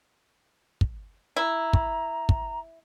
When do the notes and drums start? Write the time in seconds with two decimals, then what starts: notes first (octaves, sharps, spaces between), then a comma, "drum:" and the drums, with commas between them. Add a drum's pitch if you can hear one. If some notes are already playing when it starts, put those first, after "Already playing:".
0.81 drum: kick
1.36 E4 A#5
1.73 drum: kick
2.29 drum: kick